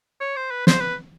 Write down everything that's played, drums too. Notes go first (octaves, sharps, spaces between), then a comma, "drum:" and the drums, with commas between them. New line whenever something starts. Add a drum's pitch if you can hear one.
C#5
C5
B4
C5, drum: snare
B4